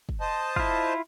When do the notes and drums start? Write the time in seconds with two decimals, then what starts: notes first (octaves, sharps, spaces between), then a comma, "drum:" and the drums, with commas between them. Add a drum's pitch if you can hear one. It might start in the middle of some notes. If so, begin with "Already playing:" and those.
0.09 drum: kick
0.21 C5 D#5 A5
0.56 E4 F4, drum: kick